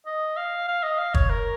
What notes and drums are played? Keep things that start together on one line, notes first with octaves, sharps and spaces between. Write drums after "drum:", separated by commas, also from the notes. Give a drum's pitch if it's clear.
D#5
F5
F5
D#5
F5
C#5, drum: kick
A#4